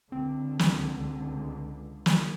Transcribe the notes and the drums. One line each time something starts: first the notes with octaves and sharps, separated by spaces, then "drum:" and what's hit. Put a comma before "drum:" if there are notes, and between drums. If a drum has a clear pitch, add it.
C#2 D3 C4
drum: snare
drum: snare